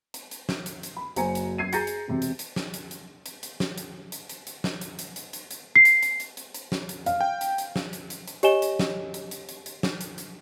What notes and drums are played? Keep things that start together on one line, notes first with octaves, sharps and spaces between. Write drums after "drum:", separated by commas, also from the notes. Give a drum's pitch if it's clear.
drum: hi-hat
drum: hi-hat
drum: snare
drum: hi-hat
drum: hi-hat
B5
F#1 F#4 C5 G#5 A#5 C#7, drum: hi-hat
drum: hi-hat
F#2 G#6 C7 D#7
G#4 A#5 G6 A6 A#6 C#7, drum: hi-hat
drum: hi-hat
E1 C3
drum: hi-hat
drum: hi-hat
drum: snare
drum: hi-hat
drum: hi-hat
drum: hi-hat
drum: hi-hat
drum: snare
drum: hi-hat
drum: hi-hat
drum: hi-hat
drum: hi-hat
drum: snare
drum: hi-hat
drum: hi-hat
drum: hi-hat
drum: hi-hat
drum: hi-hat
C7
drum: hi-hat
drum: hi-hat
drum: hi-hat
drum: hi-hat
drum: hi-hat
drum: snare
drum: hi-hat
F5, drum: hi-hat
G5
drum: hi-hat
drum: hi-hat
drum: snare
drum: hi-hat
drum: hi-hat
drum: hi-hat
G4 C#5 D#5 G#5 E7 G7, drum: hi-hat
drum: hi-hat
drum: snare
drum: hi-hat
drum: hi-hat
drum: hi-hat
drum: hi-hat
drum: snare
drum: hi-hat
drum: hi-hat